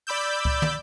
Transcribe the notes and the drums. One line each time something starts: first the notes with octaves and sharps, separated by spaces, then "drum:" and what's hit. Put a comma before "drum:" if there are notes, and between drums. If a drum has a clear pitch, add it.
D5 B5 D6 E6 G6
drum: kick C#2
drum: tom